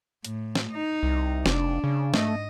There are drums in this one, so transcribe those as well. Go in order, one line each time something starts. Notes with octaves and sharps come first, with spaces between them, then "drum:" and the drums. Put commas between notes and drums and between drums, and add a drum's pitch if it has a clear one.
A2, drum: hi-hat
drum: snare
D#4
C2
F1 D4, drum: snare
C#3
G#2 A3 D#5, drum: snare